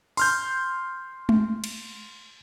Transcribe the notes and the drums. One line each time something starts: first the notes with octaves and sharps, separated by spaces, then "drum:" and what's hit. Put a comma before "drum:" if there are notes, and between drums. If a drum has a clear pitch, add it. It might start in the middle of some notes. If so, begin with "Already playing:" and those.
C6 F6 G6, drum: open hi-hat
drum: tom G#3
drum: cymbal